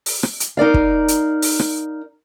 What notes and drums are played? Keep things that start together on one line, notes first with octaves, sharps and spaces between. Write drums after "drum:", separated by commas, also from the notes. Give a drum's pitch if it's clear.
drum: open hi-hat
drum: rim click
drum: hi-hat
D#4 A#4 D5 F5
drum: kick
drum: hi-hat
drum: open hi-hat
drum: rim click